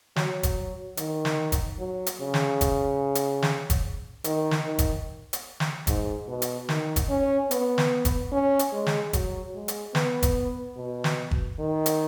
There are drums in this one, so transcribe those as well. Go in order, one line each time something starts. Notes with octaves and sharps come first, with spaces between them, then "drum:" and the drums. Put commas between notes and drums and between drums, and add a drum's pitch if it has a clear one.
F#3, drum: snare
drum: kick, hi-hat
D#3, drum: hi-hat
drum: snare
drum: kick, hi-hat
F#3
drum: hi-hat
C#3
drum: snare
drum: kick, hi-hat
drum: hi-hat
drum: snare
drum: kick, hi-hat
D#3, drum: hi-hat
drum: snare
D#3
drum: kick, hi-hat
drum: hi-hat
drum: snare
G#2, drum: kick, hi-hat
B2
drum: hi-hat
D#3, drum: snare
drum: kick, hi-hat
C#4
B3, drum: hi-hat
drum: snare
drum: kick, hi-hat
C#4
drum: hi-hat
G#3
drum: snare
F#3, drum: kick, hi-hat
G#3
drum: hi-hat
B3, drum: snare
drum: kick, hi-hat
B2
drum: snare
drum: kick
D#3
drum: hi-hat